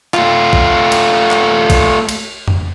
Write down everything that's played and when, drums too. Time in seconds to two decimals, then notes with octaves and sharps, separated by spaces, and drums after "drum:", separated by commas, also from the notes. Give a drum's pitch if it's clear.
0.14 A3 F4, drum: clap
0.53 drum: kick A#1
0.92 drum: cymbal
1.31 drum: clap
1.70 drum: kick A#1, cymbal
2.09 drum: cymbal
2.48 drum: tom F2